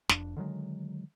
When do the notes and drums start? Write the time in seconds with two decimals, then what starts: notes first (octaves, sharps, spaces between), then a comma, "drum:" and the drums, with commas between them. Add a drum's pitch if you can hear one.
0.09 F1 F2 D4, drum: snare
0.36 D3 D#3 F#3 G#3